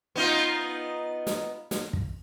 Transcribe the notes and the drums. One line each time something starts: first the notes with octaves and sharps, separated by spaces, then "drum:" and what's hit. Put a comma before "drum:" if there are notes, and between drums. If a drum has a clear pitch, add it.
B3 D#4 F4
drum: snare
drum: snare
drum: kick